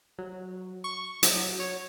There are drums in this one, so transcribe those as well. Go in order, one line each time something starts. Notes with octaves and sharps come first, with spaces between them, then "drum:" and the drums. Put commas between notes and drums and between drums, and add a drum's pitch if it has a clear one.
F#3
C#6
F#3, drum: hi-hat
C#5